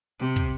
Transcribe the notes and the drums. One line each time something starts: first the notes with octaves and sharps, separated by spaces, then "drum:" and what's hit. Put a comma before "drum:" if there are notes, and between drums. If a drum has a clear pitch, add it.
C3
drum: kick